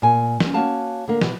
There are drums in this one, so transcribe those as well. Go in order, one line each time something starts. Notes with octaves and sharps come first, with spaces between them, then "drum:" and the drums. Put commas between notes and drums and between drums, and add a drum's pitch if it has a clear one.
A#2 G#5
D#2 C#4, drum: snare
A#3 C#4 F#4 F5 A5
D3 A#3
B2 E3, drum: snare